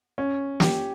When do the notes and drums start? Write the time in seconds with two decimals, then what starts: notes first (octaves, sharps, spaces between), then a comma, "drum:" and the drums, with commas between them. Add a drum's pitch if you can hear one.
0.18 C#4
0.60 G4, drum: snare